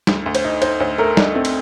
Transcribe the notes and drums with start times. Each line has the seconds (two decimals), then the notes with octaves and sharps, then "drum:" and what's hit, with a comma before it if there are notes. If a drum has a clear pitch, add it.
0.07 D2, drum: snare
0.26 D2
0.35 C5, drum: cymbal
0.45 D#4
0.62 D#4 C5, drum: cymbal
0.80 D2 C5
0.98 A3 A#4
1.17 D4 D#4, drum: snare
1.35 A3 C4
1.45 drum: cymbal